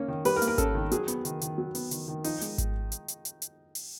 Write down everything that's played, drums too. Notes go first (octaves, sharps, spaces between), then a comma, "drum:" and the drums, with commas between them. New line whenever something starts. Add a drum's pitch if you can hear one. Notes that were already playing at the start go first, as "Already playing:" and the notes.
Already playing: A#3 C#4
D#3
G3 B4, drum: open hi-hat
A#4
A#3, drum: hi-hat
A#4
C#4 A4, drum: kick G#1, hi-hat
D#3
F#3 G#4, drum: hi-hat
B3, drum: hi-hat
D#3, drum: hi-hat
D#3, drum: hi-hat
F#3
B3, drum: open hi-hat
D#3, drum: hi-hat
D#3
F3 D#4, drum: open hi-hat
G#3, drum: hi-hat
drum: kick G#1, hi-hat
drum: hi-hat
drum: hi-hat
drum: hi-hat
drum: hi-hat
drum: open hi-hat